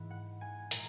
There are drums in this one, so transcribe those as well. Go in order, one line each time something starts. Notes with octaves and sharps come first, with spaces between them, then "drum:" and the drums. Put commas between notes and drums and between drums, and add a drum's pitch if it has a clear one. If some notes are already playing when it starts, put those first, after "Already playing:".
Already playing: G#2 E3 B3
F#5
G#5
A#2 G#3 A#5, drum: hi-hat